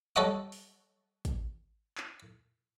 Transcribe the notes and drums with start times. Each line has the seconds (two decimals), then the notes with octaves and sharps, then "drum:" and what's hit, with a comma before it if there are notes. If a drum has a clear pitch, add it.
0.16 G3 A4 C#5 D#5 F#5 D#6
0.52 drum: open hi-hat
1.25 drum: kick, hi-hat
1.98 drum: clap